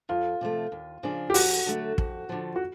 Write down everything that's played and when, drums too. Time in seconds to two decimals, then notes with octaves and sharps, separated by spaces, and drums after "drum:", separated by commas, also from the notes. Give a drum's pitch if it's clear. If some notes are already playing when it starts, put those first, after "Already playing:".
0.09 F2 F4
0.41 C3 F3 A3
0.72 D#2
1.03 C#3 F3 A#3 D4
1.30 G4
1.34 F2 F#4, drum: open hi-hat
1.66 D3 F#3 A3
1.98 F2, drum: kick
2.29 D3 F3
2.56 F#4